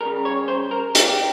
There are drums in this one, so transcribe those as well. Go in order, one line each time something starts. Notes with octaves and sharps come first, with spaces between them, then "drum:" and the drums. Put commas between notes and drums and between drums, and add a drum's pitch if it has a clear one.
C#3 G3 A#4
C#5
C5
A#4
G4, drum: hi-hat